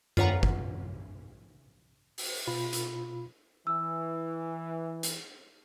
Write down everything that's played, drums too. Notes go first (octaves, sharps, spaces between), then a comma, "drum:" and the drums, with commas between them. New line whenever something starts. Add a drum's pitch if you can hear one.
F4 B4 C#5 F#5 A#5, drum: tom F#2
drum: kick
drum: open hi-hat
B2 F4 B5
drum: hi-hat
E3 E6
drum: hi-hat